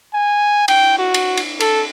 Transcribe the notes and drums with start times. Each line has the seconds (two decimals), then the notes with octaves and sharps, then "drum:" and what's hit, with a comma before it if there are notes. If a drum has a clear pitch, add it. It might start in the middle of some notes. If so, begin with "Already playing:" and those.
0.14 G#5
0.68 G5, drum: cymbal
0.99 F#4
1.14 drum: cymbal
1.37 drum: cymbal
1.60 A4, drum: cymbal